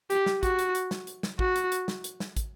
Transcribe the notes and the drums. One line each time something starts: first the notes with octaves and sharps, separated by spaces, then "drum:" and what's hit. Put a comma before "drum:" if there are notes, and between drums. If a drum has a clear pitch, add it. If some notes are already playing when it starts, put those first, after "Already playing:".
G4, drum: hi-hat
drum: snare
F#4, drum: kick, hi-hat
drum: hi-hat
drum: hi-hat
drum: snare
drum: hi-hat
drum: snare
F#4, drum: kick
drum: hi-hat
drum: hi-hat
drum: snare
drum: hi-hat
drum: snare
drum: kick, hi-hat